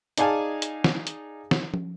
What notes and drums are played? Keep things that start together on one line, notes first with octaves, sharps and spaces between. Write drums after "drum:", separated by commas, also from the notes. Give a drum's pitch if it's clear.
D#4 G#4 D5 F5 G#5 A5, drum: hi-hat
drum: hi-hat
drum: snare
drum: hi-hat
drum: snare
drum: tom F3